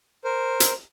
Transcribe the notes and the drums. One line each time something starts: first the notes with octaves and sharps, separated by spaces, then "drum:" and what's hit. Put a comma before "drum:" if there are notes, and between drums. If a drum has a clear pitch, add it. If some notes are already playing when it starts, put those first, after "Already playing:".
A#4 C5
drum: hi-hat